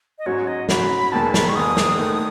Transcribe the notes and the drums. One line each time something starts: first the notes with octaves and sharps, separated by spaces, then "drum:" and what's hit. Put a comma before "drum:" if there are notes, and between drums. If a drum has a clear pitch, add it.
D#5
G#2 F#3 C#4 F#4 C#5
D#5
G#2 F#3 C#4 F#4 B5, drum: snare
E1 D#2 D#3 G#3 A5
B5, drum: snare
C#6
E1 D#2 D#3 G#3 D#6
drum: snare
D#2 D#3 A3 D#4